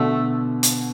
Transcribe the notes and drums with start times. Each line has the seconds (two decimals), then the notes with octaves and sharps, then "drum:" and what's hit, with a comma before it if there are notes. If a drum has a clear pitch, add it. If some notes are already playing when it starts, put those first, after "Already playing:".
Already playing: B2 D3 A3
0.63 drum: hi-hat